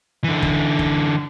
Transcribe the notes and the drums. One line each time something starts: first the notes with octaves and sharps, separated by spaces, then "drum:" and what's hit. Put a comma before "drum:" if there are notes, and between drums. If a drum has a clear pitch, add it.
D3 E3
drum: kick
drum: kick